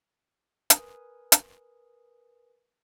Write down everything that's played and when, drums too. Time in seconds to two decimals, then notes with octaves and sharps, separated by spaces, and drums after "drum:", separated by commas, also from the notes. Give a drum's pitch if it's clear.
0.70 A#4 B4 G#5 D#6, drum: hi-hat
1.32 drum: hi-hat